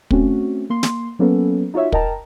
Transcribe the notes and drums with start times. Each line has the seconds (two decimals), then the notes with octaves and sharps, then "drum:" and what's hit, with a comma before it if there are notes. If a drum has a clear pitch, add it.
0.11 A3 C4 C#4 F#4, drum: kick
0.70 A#3 C6
0.83 drum: snare
1.19 F#3 A#3 B3 C#4 A4 B4
1.74 D#4 F4 F#4 C#5 E5
1.92 A#4 D#5 G5 A5 A#5, drum: kick